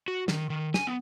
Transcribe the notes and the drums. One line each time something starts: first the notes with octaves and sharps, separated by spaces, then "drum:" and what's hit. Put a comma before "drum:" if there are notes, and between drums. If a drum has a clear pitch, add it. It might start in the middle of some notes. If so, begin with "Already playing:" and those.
F#4
D#3, drum: snare
D#3
G#5, drum: snare
B3